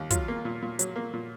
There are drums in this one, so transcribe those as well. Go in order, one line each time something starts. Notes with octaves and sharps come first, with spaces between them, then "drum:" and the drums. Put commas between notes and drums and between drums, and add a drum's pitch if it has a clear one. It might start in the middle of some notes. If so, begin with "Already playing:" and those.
Already playing: D#2
F#3 F4, drum: kick, hi-hat
A#3
A#2
A#2
F#3, drum: hi-hat
A#3
A#2